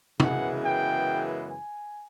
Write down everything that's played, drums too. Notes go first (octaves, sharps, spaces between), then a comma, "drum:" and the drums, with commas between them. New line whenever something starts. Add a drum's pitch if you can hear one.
F#2 C#3 E3 G#3 B3 F#5, drum: tom
G5
G#5